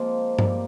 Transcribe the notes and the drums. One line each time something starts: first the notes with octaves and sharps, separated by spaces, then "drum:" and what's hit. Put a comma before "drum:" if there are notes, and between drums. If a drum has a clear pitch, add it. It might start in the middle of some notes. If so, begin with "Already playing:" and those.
Already playing: F3 G#3 A#3 C4
G3 A#3, drum: tom G2